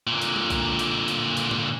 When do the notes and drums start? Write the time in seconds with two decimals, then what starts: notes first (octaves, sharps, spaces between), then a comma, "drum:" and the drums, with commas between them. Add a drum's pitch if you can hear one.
0.07 A#2 D3
0.22 drum: hi-hat
0.36 drum: tom
0.50 drum: kick B1, hi-hat
0.79 drum: hi-hat
1.08 drum: hi-hat
1.37 drum: hi-hat
1.51 drum: tom G#2